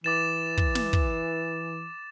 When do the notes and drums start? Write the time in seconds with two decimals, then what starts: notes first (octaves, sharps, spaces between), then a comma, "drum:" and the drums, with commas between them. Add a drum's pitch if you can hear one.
0.04 E3 D6 A6 E7
0.57 drum: kick
0.75 drum: snare
0.93 drum: kick